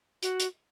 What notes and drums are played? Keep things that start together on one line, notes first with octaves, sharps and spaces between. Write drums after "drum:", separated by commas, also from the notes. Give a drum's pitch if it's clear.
F#4, drum: hi-hat
drum: hi-hat